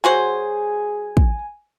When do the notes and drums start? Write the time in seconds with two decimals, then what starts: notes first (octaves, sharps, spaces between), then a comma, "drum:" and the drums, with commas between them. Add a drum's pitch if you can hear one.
0.04 F#3 F#4 G#4 C5 G#5
1.17 drum: kick